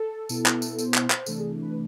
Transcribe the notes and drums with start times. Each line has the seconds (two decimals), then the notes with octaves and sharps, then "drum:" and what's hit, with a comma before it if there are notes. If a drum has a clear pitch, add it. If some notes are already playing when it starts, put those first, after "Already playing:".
Already playing: A4
0.29 B2 B3 E4, drum: tambourine
0.46 drum: clap
0.62 drum: tambourine
0.79 C5, drum: tambourine
0.94 drum: clap
1.10 drum: clap
1.26 C3 E3 A3 D4 A4, drum: tambourine
1.39 G#4
1.62 B4